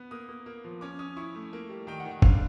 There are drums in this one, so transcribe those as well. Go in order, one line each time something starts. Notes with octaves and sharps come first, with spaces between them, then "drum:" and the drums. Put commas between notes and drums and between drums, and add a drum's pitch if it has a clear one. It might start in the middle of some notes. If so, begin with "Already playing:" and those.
Already playing: B3
A#3 D#6
A#3
A#3
F3
C#4 D6
C#4 D#6
E4 C#6
A3
A#3
G3
D#3 G5
F#5
D#3
F#5
D3 F5, drum: kick F#1